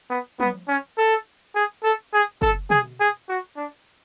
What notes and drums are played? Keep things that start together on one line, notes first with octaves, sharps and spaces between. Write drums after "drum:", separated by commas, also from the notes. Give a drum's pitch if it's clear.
B3
B3, drum: tom
C#4
A4
G#4
A4
G#4
A4, drum: kick F#1
G#4, drum: tom
G#4
F#4
D4